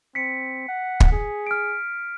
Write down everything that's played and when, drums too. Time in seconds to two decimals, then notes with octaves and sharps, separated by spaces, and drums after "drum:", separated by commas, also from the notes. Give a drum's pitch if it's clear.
0.15 C4 B6 C#7
0.68 F#5
1.00 drum: kick
1.12 G#4
1.47 F6 D7